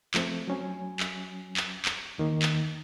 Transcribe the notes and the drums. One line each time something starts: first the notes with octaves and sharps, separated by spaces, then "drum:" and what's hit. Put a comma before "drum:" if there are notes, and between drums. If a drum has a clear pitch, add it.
F3 A3 C4, drum: clap
F#3 C#4 G#5
drum: clap
drum: clap
drum: clap
E2 D#3 A#3
drum: clap